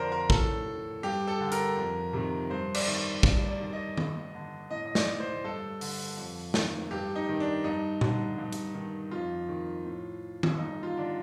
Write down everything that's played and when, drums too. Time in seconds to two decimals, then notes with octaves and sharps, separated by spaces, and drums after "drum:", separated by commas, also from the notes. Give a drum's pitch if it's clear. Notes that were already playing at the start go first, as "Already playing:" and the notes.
Already playing: F2 D3 A#4 C5 D5
0.12 A#4
0.30 A2 A4, drum: kick
1.03 G2 G4
1.27 A4
1.40 D3
1.52 A#4, drum: hi-hat
1.76 F2
2.13 C3 D#3
2.50 G2 C5
2.74 D5, drum: cymbal
2.87 D#3
3.23 G2 D5, drum: kick
3.48 D5
3.61 D#3
3.73 D#5
3.97 G2, drum: tom D#3
4.34 D3
4.70 A2 D#5
4.86 D#5
4.95 D5, drum: snare
5.20 C5
5.44 G2 A4
5.81 D3, drum: open hi-hat
6.17 F2
6.54 D#3, drum: snare
6.91 G2 G4
7.16 D#4
7.28 D#3
7.40 D4
7.64 G2 D#4
8.01 D3, drum: tom A#2
8.38 G2
8.53 drum: hi-hat
8.74 D#3
9.11 F2 F4
9.49 D#3
9.86 A2
10.43 drum: tom D#3
10.58 G2 D#4
10.83 F4
10.95 D3 D4